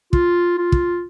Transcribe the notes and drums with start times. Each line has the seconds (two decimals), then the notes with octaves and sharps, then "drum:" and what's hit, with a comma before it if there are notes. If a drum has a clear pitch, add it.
0.13 F4, drum: kick
0.58 F4
0.72 drum: kick